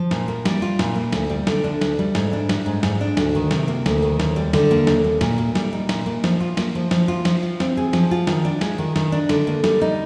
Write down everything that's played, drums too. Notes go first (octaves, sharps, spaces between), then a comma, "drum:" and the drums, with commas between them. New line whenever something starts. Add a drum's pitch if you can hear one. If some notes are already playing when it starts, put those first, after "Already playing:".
Already playing: F3
A#2, drum: snare
A#3
G3, drum: snare
F4
A#2, drum: snare
A#3
D2, drum: snare
G3
D3, drum: snare
D4
D2, drum: snare
G3
G#2, drum: snare
D4
G3, drum: snare
G#2
G#2, drum: snare
D4
D2, drum: snare
D#3
C3, drum: snare
A#3
D2, drum: snare
D#3
D#2, drum: snare
G3
D3, drum: snare
A#3
D#2, drum: snare
G3
A#2, drum: snare
A#3
G3, drum: snare
D#4
A#2, drum: snare
A#3
F3, drum: snare
F4
A#3, drum: snare
F3
F3, drum: snare
F4
F3, drum: snare
F4
C4, drum: snare
G#4
F3, drum: snare
F4
D#3, drum: snare
D4
G#3, drum: snare
D#3
D#3, drum: snare
D4
D3, drum: snare
A#3
G3, drum: snare
D#4